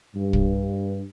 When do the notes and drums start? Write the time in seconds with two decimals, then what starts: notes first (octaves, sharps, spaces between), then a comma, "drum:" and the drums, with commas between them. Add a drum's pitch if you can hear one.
0.15 G2
0.33 drum: kick